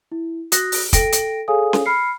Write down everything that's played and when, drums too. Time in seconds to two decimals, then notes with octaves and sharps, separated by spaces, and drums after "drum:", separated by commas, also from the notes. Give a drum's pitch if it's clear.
0.12 E4
0.52 F#4 D#6 F#6 A#6, drum: hi-hat
0.72 drum: open hi-hat
0.93 A4 G5 A#6 D7, drum: kick, hi-hat
1.12 drum: hi-hat
1.48 G#4 A4 C#5 F5 G#5 D#6
1.73 drum: snare C#4
1.85 B5 F6 C7 C#7